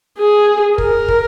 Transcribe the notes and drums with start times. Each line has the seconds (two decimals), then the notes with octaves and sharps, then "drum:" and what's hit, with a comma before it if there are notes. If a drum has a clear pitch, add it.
0.19 G#4
0.78 A#4, drum: kick
1.08 drum: kick